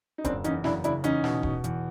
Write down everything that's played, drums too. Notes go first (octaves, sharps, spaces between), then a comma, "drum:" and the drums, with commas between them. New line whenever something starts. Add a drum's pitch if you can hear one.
D#4
F#1 C4 D4, drum: kick, hi-hat
E2 C#4 D#4, drum: hi-hat
F#1 D4 E4, drum: snare
C#3 D4 E4, drum: hi-hat
E2 C#4 D#4, drum: hi-hat
B2, drum: snare
B2, drum: kick
E2, drum: hi-hat